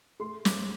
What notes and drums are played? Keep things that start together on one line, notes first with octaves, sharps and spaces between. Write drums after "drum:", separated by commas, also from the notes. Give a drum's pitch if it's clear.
A3 C6
D6, drum: snare